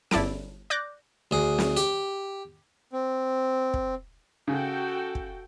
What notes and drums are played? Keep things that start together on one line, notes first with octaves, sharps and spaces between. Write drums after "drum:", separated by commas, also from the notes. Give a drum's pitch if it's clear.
G1 E4 D5 A5 D7, drum: snare
D5 D6 F#6 G6 A#6
D2 G#4
drum: snare
G4, drum: hi-hat
C4
drum: kick
C#3 F#4 A4 G5
drum: kick